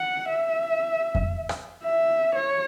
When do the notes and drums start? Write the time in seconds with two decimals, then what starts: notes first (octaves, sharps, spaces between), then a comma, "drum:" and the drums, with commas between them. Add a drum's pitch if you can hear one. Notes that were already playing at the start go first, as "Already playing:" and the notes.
Already playing: F#5
0.29 E5
1.15 drum: kick F2
1.49 drum: rim click
1.83 E5
2.35 C#5